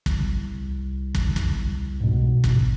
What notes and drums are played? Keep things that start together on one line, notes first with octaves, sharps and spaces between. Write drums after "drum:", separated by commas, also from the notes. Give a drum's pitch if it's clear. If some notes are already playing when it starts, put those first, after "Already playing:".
C2, drum: kick
drum: kick
drum: kick
G#2 B2
drum: kick